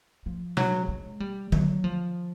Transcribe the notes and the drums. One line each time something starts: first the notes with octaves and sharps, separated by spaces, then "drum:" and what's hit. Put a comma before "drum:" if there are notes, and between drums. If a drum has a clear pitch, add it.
F3
F#3, drum: tom B2
G#3
G3
F#3, drum: tom D3
F3